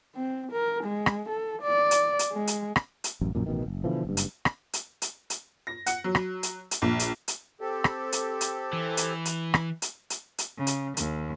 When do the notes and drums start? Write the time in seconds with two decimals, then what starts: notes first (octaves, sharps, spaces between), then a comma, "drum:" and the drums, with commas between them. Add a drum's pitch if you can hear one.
0.15 C4
0.52 A#4
0.84 G#3
1.06 drum: rim click
1.30 A4
1.62 D5
1.91 drum: hi-hat
2.19 drum: hi-hat
2.33 G#3
2.47 drum: hi-hat
2.76 drum: rim click
3.04 drum: hi-hat
3.21 A1 F#2
3.35 A#1 F#2 A#2
3.46 A1 B2 D#3
3.66 F#1
3.84 B2 D3 E3 F3
4.05 F#1 G2
4.17 drum: hi-hat
4.45 drum: rim click
4.73 drum: hi-hat
5.02 drum: hi-hat
5.30 drum: hi-hat
5.67 A#6
5.86 F#5, drum: hi-hat
6.04 F#3
6.15 drum: rim click
6.43 drum: hi-hat
6.71 drum: hi-hat
6.82 A#1
6.99 drum: hi-hat
7.28 drum: hi-hat
7.61 C4 G4 A4
7.84 drum: rim click
8.12 drum: hi-hat
8.41 drum: hi-hat
8.73 E3
8.97 drum: hi-hat
9.25 drum: hi-hat
9.54 drum: rim click
9.82 drum: hi-hat
10.10 drum: hi-hat
10.38 drum: hi-hat
10.58 C#3
10.67 drum: hi-hat
10.97 D#2, drum: hi-hat